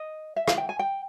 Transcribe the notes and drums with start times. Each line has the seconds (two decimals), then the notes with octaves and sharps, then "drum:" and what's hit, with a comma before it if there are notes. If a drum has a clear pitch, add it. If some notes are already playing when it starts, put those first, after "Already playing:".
Already playing: D#5
0.36 E5
0.48 F5, drum: rim click
0.58 G5
0.69 G#5
0.79 G5